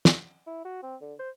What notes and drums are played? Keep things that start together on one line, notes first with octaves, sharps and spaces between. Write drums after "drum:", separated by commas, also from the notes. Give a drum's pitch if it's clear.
drum: snare
E4
F#4
C4
D3
C5